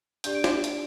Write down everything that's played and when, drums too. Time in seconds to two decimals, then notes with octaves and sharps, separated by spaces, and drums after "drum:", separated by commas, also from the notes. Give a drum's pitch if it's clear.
0.24 D4 G4 D5 G6, drum: hi-hat
0.35 D7
0.44 drum: snare
0.64 drum: hi-hat